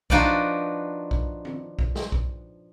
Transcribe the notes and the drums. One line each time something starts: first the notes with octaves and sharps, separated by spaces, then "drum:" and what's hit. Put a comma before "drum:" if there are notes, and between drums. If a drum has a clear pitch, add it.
F3 D4 D#4 F#4 B4 D5, drum: kick B1
drum: kick B1
drum: tom
drum: kick B1
drum: snare
drum: kick B1